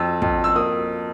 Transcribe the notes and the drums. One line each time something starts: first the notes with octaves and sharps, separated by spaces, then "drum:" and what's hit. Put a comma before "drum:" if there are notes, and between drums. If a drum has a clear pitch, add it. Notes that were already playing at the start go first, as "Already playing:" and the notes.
Already playing: F2 E6
F2, drum: kick
E6
A#3 D#6